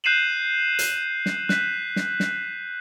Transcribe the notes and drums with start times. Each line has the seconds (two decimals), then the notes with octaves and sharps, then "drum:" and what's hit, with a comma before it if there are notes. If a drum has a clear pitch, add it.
0.04 F#6 G6 C7 D#7 E7 F#7
0.79 drum: hi-hat
1.26 drum: snare
1.49 F#6 B6, drum: snare
1.96 drum: snare
2.20 drum: snare